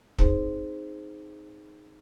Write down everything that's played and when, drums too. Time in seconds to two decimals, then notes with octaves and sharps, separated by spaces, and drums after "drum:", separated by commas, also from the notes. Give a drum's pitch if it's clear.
0.19 C4 D#4 G#4 C5, drum: kick